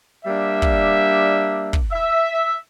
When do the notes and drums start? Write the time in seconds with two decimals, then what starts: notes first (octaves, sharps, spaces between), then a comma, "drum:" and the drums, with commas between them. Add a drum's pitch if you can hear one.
0.25 G3 A#3 D4 E5
0.62 drum: kick
1.73 drum: kick
1.91 E5